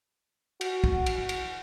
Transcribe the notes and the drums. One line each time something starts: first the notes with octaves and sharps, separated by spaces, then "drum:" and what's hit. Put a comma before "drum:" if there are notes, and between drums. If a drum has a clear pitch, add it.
F#4, drum: cymbal
drum: kick
drum: cymbal
drum: cymbal